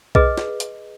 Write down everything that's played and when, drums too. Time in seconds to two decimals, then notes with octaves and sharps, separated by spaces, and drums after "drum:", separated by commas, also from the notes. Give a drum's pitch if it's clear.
0.15 G#4 B4 D#5, drum: kick B1
0.38 drum: snare
0.60 drum: hi-hat